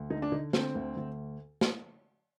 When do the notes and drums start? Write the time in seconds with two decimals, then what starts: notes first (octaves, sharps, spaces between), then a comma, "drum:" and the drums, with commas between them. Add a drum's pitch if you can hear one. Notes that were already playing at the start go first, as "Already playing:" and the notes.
Already playing: D2
0.10 D3 D#4
0.22 D4
0.32 D3 D#4
0.53 D3 C4, drum: snare
0.75 D2
0.97 D2
1.61 drum: snare